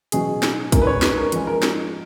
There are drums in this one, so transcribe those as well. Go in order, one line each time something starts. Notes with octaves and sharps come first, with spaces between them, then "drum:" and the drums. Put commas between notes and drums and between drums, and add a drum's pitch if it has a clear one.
B2 F#3 C#4 G#4, drum: hi-hat
drum: snare
D#3 G#3 C#4 A#4, drum: kick, hi-hat
B4
C#5
B4, drum: snare
A#4
F3 G#3 C#4, drum: hi-hat
A#4
drum: snare